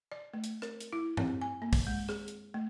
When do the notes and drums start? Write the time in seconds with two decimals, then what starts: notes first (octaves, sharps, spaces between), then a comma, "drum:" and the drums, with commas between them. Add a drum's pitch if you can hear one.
0.12 D5
0.34 A3
0.44 drum: hi-hat
0.62 A#4, drum: rim click
0.80 drum: hi-hat
0.92 E4
1.17 C4, drum: tom G2
1.42 G#5
1.62 A#3
1.73 drum: kick, open hi-hat
1.87 G#3
2.09 G#4, drum: rim click
2.28 drum: hi-hat
2.54 A3